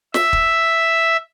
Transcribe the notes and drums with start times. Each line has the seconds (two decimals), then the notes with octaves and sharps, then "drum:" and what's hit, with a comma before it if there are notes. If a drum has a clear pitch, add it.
0.14 E5, drum: snare
0.33 drum: kick